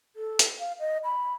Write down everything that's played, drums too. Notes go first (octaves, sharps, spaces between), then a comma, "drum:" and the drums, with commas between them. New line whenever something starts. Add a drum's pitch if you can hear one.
A4
drum: hi-hat
F5
D#5
B5